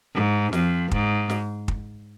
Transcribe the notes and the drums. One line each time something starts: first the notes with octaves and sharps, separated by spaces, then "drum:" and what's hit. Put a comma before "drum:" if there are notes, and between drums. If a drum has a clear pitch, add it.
G#2
F2, drum: snare
G#2, drum: kick
drum: snare
drum: kick